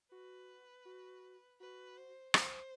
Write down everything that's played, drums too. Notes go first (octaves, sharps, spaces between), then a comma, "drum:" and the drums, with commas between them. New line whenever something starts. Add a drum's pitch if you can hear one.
F#4 B4
F#4
F#4 B4
C5
C5, drum: rim click